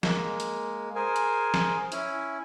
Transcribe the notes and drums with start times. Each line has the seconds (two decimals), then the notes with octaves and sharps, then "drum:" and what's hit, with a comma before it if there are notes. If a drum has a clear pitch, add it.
0.03 G#3 A#3, drum: snare
0.40 drum: hi-hat
0.96 G#4 A#4 C5 G#5
1.16 drum: hi-hat
1.54 drum: snare
1.92 C#4 E4, drum: hi-hat